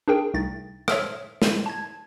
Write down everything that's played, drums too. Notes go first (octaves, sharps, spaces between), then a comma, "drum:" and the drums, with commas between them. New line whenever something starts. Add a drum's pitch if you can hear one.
D4 D#4 G#4 A#4 G5
C2 A3 D#4 A6
C#5 E5 E6 F6, drum: rim click
drum: snare
A5 G#6